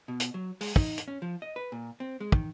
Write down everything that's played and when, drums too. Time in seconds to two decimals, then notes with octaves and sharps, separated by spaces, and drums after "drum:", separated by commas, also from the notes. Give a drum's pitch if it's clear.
0.08 B2
0.20 drum: hi-hat
0.34 F#3
0.61 G#3, drum: open hi-hat
0.76 D#4, drum: kick
0.98 drum: hi-hat
1.08 C#4
1.22 F3
1.42 D#5
1.56 B4
1.72 A#2
2.00 C4
2.20 G#3
2.32 D#3, drum: kick